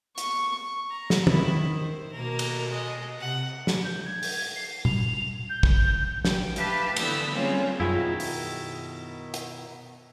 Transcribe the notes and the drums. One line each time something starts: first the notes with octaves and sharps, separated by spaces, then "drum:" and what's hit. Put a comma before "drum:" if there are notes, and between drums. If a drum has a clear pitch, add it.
C#6, drum: hi-hat
A#5
drum: snare
D#3 E4, drum: tom
C5
B2 A#3 A#4
drum: cymbal
G#3 D#5
C3 F#5
drum: snare
G6
G#6
drum: open hi-hat
C7
F7, drum: tom
G6
drum: kick
G5, drum: snare
G4 B4 E5 F5 A5, drum: hi-hat
D3 E3 B3 E6, drum: cymbal
G3 A#3 C4 C#4 F4 G#4
F#2 B2 D#3 E4 F4 G#4
drum: open hi-hat
drum: hi-hat